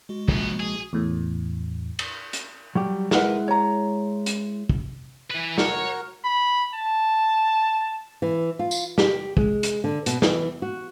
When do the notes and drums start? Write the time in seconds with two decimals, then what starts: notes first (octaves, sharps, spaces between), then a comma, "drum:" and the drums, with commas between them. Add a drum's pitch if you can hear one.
0.09 G#3 F#4
0.28 A#1 F#2 B3, drum: kick
0.60 G#4
0.93 E2 A2
1.99 drum: cymbal
2.33 drum: hi-hat
2.75 F#3 G3 G4
3.11 G#3 E4 A#4 B4 F#5, drum: snare
3.48 C#5 A#5
4.26 drum: hi-hat
4.70 drum: kick
5.30 E3 B4
5.58 F#4 A#4 C#5, drum: snare
6.24 B5
6.75 A5
8.22 E3
8.59 F4
8.71 drum: tambourine
8.98 G4, drum: snare
9.37 G#3, drum: kick
9.63 drum: hi-hat
9.84 D3
10.06 B2, drum: hi-hat
10.22 E3, drum: snare
10.62 F#4